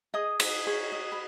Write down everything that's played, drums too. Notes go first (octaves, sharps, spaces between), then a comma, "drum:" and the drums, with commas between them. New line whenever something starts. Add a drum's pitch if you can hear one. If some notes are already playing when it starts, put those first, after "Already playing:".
G#4 D#5 D#6
D#5, drum: cymbal
G#4 C#5 C#6
D#5
B5